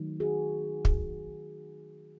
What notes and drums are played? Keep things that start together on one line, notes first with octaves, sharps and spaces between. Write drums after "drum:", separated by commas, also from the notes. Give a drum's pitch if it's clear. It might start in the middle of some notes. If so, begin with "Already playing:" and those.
Already playing: D#3 F#3 A3
F#4 G#4
drum: kick